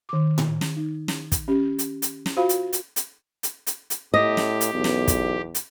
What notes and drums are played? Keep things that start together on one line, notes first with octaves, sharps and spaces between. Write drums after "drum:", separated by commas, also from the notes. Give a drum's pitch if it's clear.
D#3 D6
drum: tom A2
drum: snare
D#4
drum: snare
drum: kick, hi-hat
C#4 G4
drum: hi-hat
drum: hi-hat
drum: snare
F4 F#4 C5 F5 B5
drum: hi-hat
drum: hi-hat
drum: hi-hat
drum: hi-hat
drum: hi-hat
drum: hi-hat
A2 G4 D#5
drum: snare
drum: hi-hat
B1 E2
drum: snare
drum: kick, hi-hat
drum: hi-hat